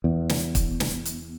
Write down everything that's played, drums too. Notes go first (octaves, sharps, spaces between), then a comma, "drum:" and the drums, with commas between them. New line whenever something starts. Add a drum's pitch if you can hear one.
E2
drum: snare
drum: kick, hi-hat
drum: snare
drum: hi-hat